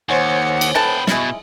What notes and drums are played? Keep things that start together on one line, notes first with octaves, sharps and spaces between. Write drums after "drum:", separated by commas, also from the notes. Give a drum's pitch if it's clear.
D#2 C5 C#5 F#5 G#5
drum: cymbal
E3 B3 A4 G5 A5 B5
B2 G#3 E4, drum: snare